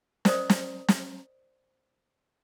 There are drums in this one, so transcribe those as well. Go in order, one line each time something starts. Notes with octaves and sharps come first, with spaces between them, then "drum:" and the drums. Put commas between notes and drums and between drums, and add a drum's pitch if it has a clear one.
A#4 C5 D5 D#5 D#6, drum: snare
drum: snare
drum: snare